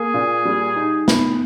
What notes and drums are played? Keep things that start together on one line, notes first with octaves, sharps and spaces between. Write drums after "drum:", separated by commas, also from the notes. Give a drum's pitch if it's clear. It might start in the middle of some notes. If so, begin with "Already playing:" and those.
Already playing: A#3 G#4
A#2
G3
D#4
B3, drum: snare